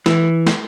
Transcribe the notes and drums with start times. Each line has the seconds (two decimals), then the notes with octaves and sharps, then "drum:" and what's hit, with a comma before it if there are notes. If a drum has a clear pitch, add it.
0.06 E3, drum: snare
0.47 drum: snare